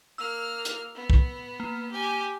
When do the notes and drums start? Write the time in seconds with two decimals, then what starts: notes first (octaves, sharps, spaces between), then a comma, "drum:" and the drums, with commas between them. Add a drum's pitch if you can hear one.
0.18 A#3 E6 F6
0.65 drum: hi-hat
0.95 B3
1.10 drum: kick
1.60 A#3
1.92 G4 G#5